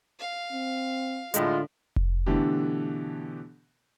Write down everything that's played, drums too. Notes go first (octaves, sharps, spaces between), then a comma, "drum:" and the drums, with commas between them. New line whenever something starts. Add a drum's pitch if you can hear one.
F5
C4
A2 D3 G#3 F4, drum: hi-hat
drum: kick F1
B2 D3 E3 A3 D4 G4